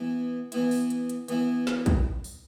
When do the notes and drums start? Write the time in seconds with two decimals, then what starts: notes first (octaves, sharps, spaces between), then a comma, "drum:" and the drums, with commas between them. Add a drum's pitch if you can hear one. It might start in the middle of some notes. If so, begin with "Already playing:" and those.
Already playing: E3 B3 E4
0.52 E3 B3 E4, drum: hi-hat
0.71 drum: open hi-hat
0.90 drum: hi-hat
1.10 drum: hi-hat
1.28 E3 B3 E4, drum: hi-hat
1.67 drum: snare
1.86 drum: kick, hi-hat
2.24 drum: open hi-hat